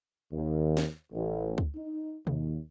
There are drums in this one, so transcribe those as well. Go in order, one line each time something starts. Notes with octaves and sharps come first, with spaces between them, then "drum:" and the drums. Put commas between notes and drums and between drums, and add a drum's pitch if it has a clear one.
D#2
drum: snare
A1
drum: kick C#2
D#4
D#2, drum: tom B2